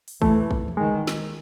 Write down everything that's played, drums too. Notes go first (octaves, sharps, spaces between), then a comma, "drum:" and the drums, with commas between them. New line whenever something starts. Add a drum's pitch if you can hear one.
drum: open hi-hat
E3 A3, drum: kick
drum: kick
drum: tom E3
D#3 G#3
drum: snare